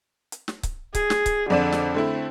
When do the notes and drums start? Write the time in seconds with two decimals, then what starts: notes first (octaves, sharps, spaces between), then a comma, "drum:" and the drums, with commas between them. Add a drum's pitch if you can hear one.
0.32 drum: hi-hat
0.48 drum: snare
0.63 drum: kick C#1, hi-hat
0.95 G#4, drum: kick C#1, hi-hat
1.10 drum: snare
1.26 drum: kick C#1, hi-hat
1.50 F2 D3 D5 E7
1.72 drum: snare
1.94 D3 A3 C4 E4